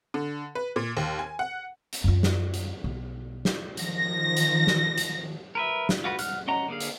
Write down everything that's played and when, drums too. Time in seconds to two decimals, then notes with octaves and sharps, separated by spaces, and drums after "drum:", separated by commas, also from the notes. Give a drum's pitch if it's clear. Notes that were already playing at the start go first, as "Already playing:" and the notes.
0.14 D3
0.55 B4
0.76 A#2
0.97 D#2
1.19 G#5
1.39 F#5
1.93 drum: hi-hat
2.04 F#2 F4
2.23 drum: snare
2.54 drum: hi-hat
2.84 B1
3.45 drum: snare
3.77 D#3 F3 A#6, drum: hi-hat
4.37 drum: hi-hat
4.67 drum: snare
4.98 drum: hi-hat
5.55 A#4 B4 E5
5.89 drum: snare
6.04 F4 F#4 B4
6.19 F#5 F6 F#6, drum: hi-hat
6.48 C#4 D#5 F#5 A#5
6.68 D3 A#3 G#4 F5
6.80 drum: hi-hat